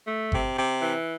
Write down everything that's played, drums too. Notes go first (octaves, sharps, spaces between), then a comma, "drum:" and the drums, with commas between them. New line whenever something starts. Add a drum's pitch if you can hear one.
A3
C3, drum: kick G1
C3
E3